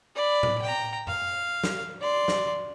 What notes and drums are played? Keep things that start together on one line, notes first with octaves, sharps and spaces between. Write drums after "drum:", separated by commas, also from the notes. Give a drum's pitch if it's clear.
D5 B5
drum: tom A2
G5 A#5
F5, drum: tom F#2
drum: snare
D5 C6
drum: snare